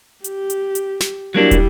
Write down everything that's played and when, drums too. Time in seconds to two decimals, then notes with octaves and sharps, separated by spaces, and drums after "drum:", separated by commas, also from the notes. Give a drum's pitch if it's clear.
0.24 G4, drum: hi-hat
0.50 drum: hi-hat
0.75 drum: hi-hat
1.00 drum: snare
1.34 F#3 G3 A#3 D4 E4
1.51 drum: kick, hi-hat